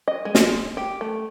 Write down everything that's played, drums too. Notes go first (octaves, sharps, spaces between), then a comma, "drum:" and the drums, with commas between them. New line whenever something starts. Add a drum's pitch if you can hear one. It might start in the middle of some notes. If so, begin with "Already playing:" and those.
D#5
G#3
drum: snare
G4
A3